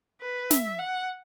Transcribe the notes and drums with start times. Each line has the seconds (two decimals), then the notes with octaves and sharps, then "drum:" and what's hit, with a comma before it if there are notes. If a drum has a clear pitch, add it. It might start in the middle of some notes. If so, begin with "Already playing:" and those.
0.21 B4
0.51 E5, drum: snare
0.79 F#5